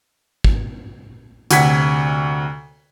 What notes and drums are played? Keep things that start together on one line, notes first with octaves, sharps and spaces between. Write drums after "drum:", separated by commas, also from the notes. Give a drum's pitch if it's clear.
drum: kick
D2 C3 F#5 G#6 B6, drum: hi-hat